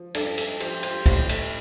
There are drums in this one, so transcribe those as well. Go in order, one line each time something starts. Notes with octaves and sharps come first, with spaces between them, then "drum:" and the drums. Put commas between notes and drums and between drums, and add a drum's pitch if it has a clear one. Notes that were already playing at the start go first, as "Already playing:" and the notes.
Already playing: F3
G2 A4 D5, drum: cymbal
A4, drum: cymbal
F3 G4 C5, drum: cymbal
G4 C5, drum: cymbal
A2 G4 C5, drum: kick, cymbal
A4, drum: cymbal